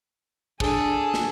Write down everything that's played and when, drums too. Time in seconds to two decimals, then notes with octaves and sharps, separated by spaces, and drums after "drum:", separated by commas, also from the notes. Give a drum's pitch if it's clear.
0.60 D4 G#4 A4, drum: kick
1.14 drum: snare